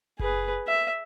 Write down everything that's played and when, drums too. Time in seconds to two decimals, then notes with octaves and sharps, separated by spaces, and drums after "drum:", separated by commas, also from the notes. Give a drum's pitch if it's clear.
0.19 G#4 B4, drum: kick F#1
0.68 E5